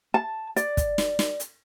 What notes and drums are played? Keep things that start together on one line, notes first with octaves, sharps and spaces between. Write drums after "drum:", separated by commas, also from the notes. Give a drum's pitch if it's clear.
A5
D5, drum: hi-hat
drum: kick, hi-hat
drum: snare
drum: snare
drum: hi-hat